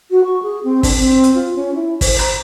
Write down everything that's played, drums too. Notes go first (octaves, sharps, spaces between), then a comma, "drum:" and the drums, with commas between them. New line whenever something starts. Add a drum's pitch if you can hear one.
F#4
C#6
G#4
C4
D4, drum: kick, open hi-hat
C4
drum: hi-hat
F4
C#4
E4
C5, drum: kick, open hi-hat
A#5, drum: rim click